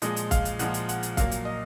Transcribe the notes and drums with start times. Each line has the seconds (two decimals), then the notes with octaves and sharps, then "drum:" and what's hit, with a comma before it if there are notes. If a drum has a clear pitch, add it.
0.02 A#2 F3 G#3 D#5, drum: hi-hat
0.16 drum: hi-hat
0.31 F5, drum: kick, hi-hat
0.45 drum: hi-hat
0.59 A#2 F3 G#3 F#5, drum: hi-hat
0.74 drum: hi-hat
0.89 F#5, drum: hi-hat
1.03 drum: hi-hat
1.17 A#2 F#3 A#3 F5, drum: kick, hi-hat
1.31 drum: hi-hat
1.45 D#5